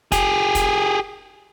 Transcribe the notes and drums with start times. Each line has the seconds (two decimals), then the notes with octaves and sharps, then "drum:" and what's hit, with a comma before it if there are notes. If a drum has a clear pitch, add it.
0.12 G4 G#4, drum: kick, hi-hat
0.55 drum: kick, hi-hat